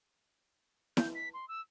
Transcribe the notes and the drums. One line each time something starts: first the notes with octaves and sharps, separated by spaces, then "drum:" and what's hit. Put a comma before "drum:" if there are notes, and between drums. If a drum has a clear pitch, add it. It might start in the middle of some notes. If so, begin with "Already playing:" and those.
G6, drum: snare E4
B6
C6
E6